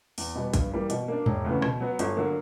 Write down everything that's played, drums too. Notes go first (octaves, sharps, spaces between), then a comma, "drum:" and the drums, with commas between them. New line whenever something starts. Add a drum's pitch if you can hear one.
E2, drum: open hi-hat
B2 G3 B3
G2, drum: kick A1, hi-hat
E3 G3 A#3
B2, drum: hi-hat
A#3 D4
E1, drum: tom G2
D2 C#3 E3 B3
B2, drum: rim click
F#3 B3
G1, drum: hi-hat
D3 F#3 A#3